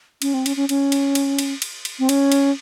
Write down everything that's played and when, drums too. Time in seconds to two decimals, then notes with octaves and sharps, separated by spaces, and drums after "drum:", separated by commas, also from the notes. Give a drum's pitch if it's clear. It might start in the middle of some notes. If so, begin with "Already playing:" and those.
0.22 C#4, drum: cymbal
0.34 C4
0.46 C#4, drum: cymbal
0.57 C#4
0.69 C#4, drum: cymbal
0.92 drum: cymbal
1.15 drum: cymbal
1.39 drum: cymbal
1.62 drum: cymbal
1.85 drum: cymbal
1.99 C4
2.09 C#4, drum: cymbal
2.32 drum: cymbal